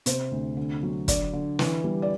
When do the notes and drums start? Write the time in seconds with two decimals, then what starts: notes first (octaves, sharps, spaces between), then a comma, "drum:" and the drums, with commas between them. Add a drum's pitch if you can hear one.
0.06 C3 C5, drum: hi-hat
0.32 D2
0.57 D3
0.83 F#3
1.08 D3 D5, drum: kick, hi-hat
1.33 D3
1.59 E3, drum: snare
1.84 G3
2.02 D5